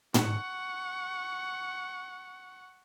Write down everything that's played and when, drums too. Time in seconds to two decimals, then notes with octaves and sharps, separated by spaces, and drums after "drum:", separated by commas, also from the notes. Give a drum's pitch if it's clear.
0.14 F#5 C#6, drum: tom